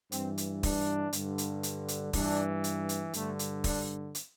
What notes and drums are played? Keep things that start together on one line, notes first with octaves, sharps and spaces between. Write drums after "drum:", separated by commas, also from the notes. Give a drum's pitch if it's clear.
G2 E3 C4, drum: hi-hat
drum: hi-hat
D4, drum: kick, open hi-hat
G2 D3, drum: hi-hat
drum: hi-hat
drum: hi-hat
drum: hi-hat
G2 E3 D4, drum: kick, open hi-hat
drum: hi-hat
drum: hi-hat
G2 D3 A3, drum: hi-hat
drum: hi-hat
D4, drum: kick, open hi-hat
drum: hi-hat